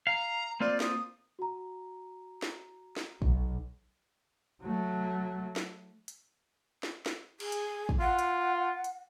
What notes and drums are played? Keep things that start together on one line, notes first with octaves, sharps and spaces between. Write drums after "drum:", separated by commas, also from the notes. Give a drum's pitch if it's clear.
F5 A#5
A#3 C4 F4 D5
D#6, drum: snare
F#4 A#5
drum: snare
drum: snare
B1, drum: kick
F#3 A3
drum: snare
drum: hi-hat
drum: snare
drum: snare
G#4, drum: cymbal
drum: hi-hat
drum: kick
F4 F#5
drum: hi-hat
drum: hi-hat